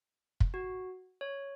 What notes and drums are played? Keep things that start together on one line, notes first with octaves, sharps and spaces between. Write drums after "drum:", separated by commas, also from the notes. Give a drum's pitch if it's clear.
drum: kick
F#4
C#5